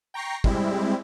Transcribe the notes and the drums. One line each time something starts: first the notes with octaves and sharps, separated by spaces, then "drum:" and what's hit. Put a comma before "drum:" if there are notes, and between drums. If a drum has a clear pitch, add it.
G5 A#5 C#6 A#6 C7
G3 G#3 C4 E4, drum: kick